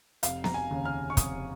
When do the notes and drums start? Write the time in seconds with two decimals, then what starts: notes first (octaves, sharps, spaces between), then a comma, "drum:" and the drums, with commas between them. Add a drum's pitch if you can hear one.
0.23 F1 F5, drum: hi-hat
0.44 A#5, drum: snare B3
0.54 G#5
0.71 D#2 C#3
0.85 F6
1.10 C#6
1.17 F1 D#6, drum: kick, hi-hat